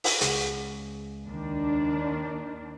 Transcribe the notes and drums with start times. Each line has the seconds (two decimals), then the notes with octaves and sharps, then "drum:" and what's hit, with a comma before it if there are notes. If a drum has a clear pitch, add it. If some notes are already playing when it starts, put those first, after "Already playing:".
0.04 drum: open hi-hat
0.21 C#2 G#4 F#5, drum: hi-hat
1.28 D#2 D#3 D4